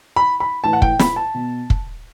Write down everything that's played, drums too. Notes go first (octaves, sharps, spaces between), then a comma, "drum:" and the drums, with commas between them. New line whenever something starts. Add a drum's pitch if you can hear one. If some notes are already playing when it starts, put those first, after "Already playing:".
B5
B5
A2 E3 A5
F#5
G5, drum: kick
B5, drum: snare
A5
B2
drum: kick